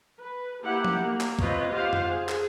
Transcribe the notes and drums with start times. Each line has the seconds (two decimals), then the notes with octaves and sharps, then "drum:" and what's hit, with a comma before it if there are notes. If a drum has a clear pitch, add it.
0.21 B4
0.63 A#3 E4 G4 F#5
0.85 drum: tom F3
1.03 A#3
1.21 drum: clap
1.39 C4 F4 B4 C#5 D#5, drum: kick
1.72 F4 G4 C5 F5 F#5
1.93 drum: tom F2
2.08 G#4
2.29 drum: clap